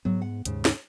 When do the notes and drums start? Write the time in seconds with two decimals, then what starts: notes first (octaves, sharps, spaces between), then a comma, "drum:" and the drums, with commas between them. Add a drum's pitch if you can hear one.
0.05 G#2 F#3 B3
0.22 F#5
0.45 D#2 G#2 C#3, drum: hi-hat
0.65 drum: snare